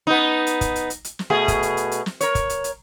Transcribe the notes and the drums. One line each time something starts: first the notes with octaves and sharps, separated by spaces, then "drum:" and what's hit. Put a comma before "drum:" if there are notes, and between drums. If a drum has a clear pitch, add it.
B3 D#4
drum: hi-hat
drum: kick, hi-hat
drum: hi-hat
drum: hi-hat
drum: hi-hat
drum: snare
B2 A3 G#4
drum: kick, hi-hat
drum: hi-hat
drum: hi-hat
drum: hi-hat
drum: snare
A#4 C#5, drum: hi-hat
drum: kick, hi-hat
drum: hi-hat
drum: hi-hat